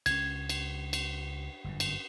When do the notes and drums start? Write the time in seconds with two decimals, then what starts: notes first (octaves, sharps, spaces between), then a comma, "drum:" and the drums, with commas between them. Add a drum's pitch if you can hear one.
0.06 C#2 C#4 G#6, drum: cymbal
0.49 drum: cymbal
0.93 drum: cymbal
1.64 G1 F#2
1.80 drum: cymbal